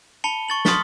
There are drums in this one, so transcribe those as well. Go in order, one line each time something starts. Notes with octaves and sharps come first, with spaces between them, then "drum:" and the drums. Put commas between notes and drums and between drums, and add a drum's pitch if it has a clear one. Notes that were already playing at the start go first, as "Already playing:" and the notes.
A5 B5 C#7 G7
C#6 A6 F#7
C6 D#6 F6 A6 B6 G7, drum: snare